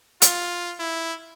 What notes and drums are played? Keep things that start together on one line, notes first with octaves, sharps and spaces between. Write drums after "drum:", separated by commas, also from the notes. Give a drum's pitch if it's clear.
F4, drum: hi-hat
E4